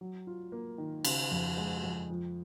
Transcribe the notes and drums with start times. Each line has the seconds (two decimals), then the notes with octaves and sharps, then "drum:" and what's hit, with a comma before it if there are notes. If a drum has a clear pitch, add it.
0.01 F#3
0.27 F4
0.52 A#3
0.78 D#3
1.05 C#3, drum: cymbal
1.31 F2
1.57 G#3
1.84 F2
2.10 F3